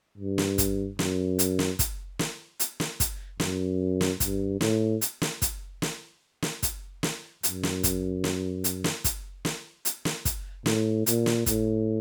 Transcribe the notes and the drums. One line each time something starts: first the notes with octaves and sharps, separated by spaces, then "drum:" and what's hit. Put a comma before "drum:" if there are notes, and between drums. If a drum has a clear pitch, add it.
G2
drum: snare
drum: kick, hi-hat
F#2, drum: snare
drum: hi-hat
drum: snare
drum: kick, hi-hat
drum: snare
drum: hi-hat
drum: snare
drum: kick, hi-hat
F#2, drum: snare
drum: snare
G2, drum: kick, hi-hat
A2, drum: snare
drum: hi-hat
drum: snare
drum: kick, hi-hat
drum: snare
drum: snare
drum: kick, hi-hat
drum: snare
F#2, drum: hi-hat
drum: snare
drum: kick, hi-hat
drum: snare
drum: hi-hat
drum: snare
drum: kick, hi-hat
drum: snare
drum: hi-hat
drum: snare
drum: kick, hi-hat
A2, drum: snare
A#2, drum: hi-hat
drum: snare
A2, drum: kick, hi-hat